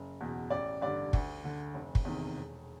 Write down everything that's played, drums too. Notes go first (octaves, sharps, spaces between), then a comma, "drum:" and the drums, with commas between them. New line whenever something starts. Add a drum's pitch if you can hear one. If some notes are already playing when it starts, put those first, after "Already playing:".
Already playing: F#1
E2 B2
A1 D5
G2 D3 D5
D2, drum: kick
D3
F1
drum: kick
E2 C3 D#3
E1